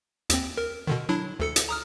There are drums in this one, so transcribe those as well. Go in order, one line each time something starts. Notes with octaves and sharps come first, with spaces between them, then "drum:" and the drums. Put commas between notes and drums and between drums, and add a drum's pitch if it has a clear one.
D#2 C4, drum: hi-hat
A#4
B2 D3 D#3
F#3 D4 E4
D2 A4 C#7
drum: hi-hat
A#5 D#6 F6